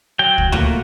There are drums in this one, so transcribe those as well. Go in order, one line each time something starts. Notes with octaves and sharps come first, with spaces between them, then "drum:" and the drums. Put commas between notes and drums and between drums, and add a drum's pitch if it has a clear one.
F#3 G5
drum: kick C#2
A3 A#3 F4 F#4, drum: tom D2